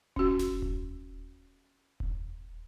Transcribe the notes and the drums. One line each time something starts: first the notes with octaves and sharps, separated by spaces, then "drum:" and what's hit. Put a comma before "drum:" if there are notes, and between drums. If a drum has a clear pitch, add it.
C#4 F#4, drum: kick D#1
drum: snare F1
drum: kick D#1
drum: kick D#1